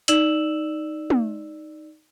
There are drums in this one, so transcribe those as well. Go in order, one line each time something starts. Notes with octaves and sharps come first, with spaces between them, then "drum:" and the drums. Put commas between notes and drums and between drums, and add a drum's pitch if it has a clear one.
D#4 D5 E6 E7 F#7, drum: hi-hat
drum: tom